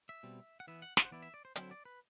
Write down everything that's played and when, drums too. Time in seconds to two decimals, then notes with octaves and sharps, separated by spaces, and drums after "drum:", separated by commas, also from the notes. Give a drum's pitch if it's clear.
0.09 E5
0.23 B2 G3 C4
0.60 F#5
0.67 E3 B3 E4 E5
0.82 F#5
0.97 F#5, drum: snare
1.05 C5
1.12 E3 B3 E4 D5
1.22 E5
1.34 D5
1.45 C5
1.56 D3 F#3 C4 E4 C5, drum: hi-hat
1.71 D5
1.85 B4